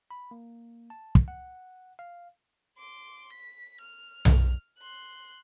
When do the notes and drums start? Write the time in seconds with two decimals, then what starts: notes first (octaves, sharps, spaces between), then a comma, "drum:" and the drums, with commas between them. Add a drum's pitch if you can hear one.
0.11 B5
0.31 A#3
0.90 A5
1.15 drum: kick
1.28 F#5
1.99 F5
2.78 C6 D6
3.32 B6
3.81 F6
4.25 drum: tom B1
4.78 C6 F#6